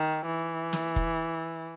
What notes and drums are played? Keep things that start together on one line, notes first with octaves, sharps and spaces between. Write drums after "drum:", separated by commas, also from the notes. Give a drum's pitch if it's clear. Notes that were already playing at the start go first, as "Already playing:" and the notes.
Already playing: D#3
E3
drum: snare
drum: kick